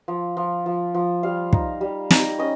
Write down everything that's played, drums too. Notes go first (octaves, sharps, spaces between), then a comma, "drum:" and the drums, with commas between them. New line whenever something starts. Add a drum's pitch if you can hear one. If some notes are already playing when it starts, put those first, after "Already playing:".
F3
F3
F3
F3
G3 F5
D#4, drum: kick
G3
D#4, drum: snare
C#4 D#5